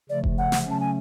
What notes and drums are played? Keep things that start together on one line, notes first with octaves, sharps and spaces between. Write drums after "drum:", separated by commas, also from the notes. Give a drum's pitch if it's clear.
C#3 F3 A3 D5
drum: kick F1
F#5
drum: snare
C#3 F#3 A3 C#4 A5
G#5